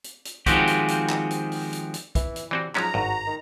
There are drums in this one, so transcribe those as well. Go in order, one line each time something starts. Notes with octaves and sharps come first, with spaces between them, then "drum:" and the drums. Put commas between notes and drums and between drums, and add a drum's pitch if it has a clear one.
drum: hi-hat
drum: hi-hat
D#3 F3 G#3 C4 F#4 G4, drum: kick, hi-hat
drum: hi-hat
drum: hi-hat
drum: clap
drum: hi-hat
drum: open hi-hat
drum: hi-hat
drum: hi-hat
E3, drum: kick, hi-hat
drum: hi-hat
E3 G3 C4 F#4
G#2 F3 F#3 C#4 A#5, drum: clap
G#1 G2 F#4
D#3